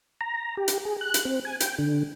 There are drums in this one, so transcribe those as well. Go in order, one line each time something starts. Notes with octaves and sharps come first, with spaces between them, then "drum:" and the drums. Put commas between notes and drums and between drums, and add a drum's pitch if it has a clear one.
A#5
G4
drum: hi-hat
G#4
F#6
drum: hi-hat
C4
G#5
G5, drum: hi-hat
D3